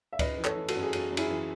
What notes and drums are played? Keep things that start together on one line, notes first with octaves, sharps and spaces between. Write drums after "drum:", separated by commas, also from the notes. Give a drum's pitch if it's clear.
E5
F#2 B4 D#5, drum: kick C#2, cymbal
E3
A4 C#5, drum: clap
E3
F#4 A4, drum: cymbal
F#2
G#4
F#2 F#4, drum: cymbal
F#2
E4 G#4, drum: cymbal
E3